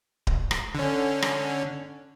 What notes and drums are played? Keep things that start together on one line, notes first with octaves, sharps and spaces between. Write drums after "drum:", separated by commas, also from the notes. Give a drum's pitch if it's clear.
drum: kick D1
drum: rim click
D3 C#4
drum: rim click